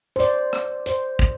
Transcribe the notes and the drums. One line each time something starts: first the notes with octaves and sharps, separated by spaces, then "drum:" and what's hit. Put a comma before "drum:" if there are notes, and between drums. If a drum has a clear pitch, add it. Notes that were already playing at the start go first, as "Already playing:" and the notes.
C5
D5, drum: hi-hat
drum: rim click
C5, drum: hi-hat
drum: kick